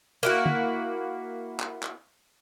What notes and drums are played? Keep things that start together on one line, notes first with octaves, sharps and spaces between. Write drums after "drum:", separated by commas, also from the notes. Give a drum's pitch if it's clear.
A#3 E4 F#4
drum: tom
drum: clap
drum: clap